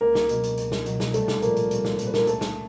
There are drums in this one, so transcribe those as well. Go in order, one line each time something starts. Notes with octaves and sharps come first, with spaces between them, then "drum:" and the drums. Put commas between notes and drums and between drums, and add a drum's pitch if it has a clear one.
C#2 A#3 A#4
drum: snare
B2 F#3, drum: hi-hat
drum: hi-hat
C#2, drum: hi-hat
drum: snare
B2 F#3, drum: hi-hat
drum: snare
C2 A3 A4, drum: hi-hat
drum: snare
A#2 F3 A#3 A#4, drum: hi-hat
drum: hi-hat
C2, drum: hi-hat
drum: snare
A#2 F3 A#4, drum: hi-hat
B4
A#3 A#4, drum: snare
C#2 A3 A4, drum: hi-hat
drum: snare